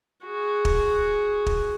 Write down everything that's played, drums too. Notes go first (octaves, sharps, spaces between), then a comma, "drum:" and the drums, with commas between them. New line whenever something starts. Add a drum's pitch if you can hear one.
F#4 G#4
drum: kick
drum: kick